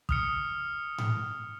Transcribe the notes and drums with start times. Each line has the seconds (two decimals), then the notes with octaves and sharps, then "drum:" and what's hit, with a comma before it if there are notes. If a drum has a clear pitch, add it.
0.09 D#6 F6 C#7, drum: kick
0.98 drum: tom G#2